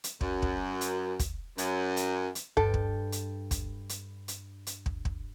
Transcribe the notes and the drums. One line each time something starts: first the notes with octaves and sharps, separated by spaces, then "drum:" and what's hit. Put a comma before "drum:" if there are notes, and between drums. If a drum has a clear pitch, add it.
drum: hi-hat
F#2, drum: kick
drum: kick
drum: hi-hat
drum: kick, hi-hat
F#2, drum: hi-hat
drum: hi-hat
drum: hi-hat
G2 A4 G5, drum: kick
drum: kick
drum: hi-hat
drum: kick, hi-hat
drum: hi-hat
drum: hi-hat
drum: hi-hat
drum: kick
drum: kick